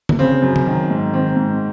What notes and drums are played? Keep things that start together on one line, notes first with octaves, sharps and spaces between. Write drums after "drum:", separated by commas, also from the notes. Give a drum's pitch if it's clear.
drum: tom D3
C#3 C4
F#2
drum: tom C3
D#3
G#2
D#3 C4
G#2